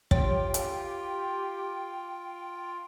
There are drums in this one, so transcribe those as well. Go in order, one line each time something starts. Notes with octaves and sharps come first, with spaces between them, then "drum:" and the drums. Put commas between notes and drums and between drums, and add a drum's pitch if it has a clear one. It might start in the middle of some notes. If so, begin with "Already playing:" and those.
F4 G4 C#5 G5, drum: kick
drum: hi-hat